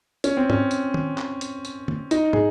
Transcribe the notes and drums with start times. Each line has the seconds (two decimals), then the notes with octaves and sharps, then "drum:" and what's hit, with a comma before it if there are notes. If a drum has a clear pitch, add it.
0.24 C#4, drum: hi-hat
0.37 C4
0.50 C#4, drum: tom G#2
0.71 drum: hi-hat
0.94 drum: tom
1.18 drum: clap
1.41 drum: hi-hat
1.65 drum: hi-hat
1.88 drum: tom
2.11 D#4, drum: hi-hat
2.33 G#4, drum: tom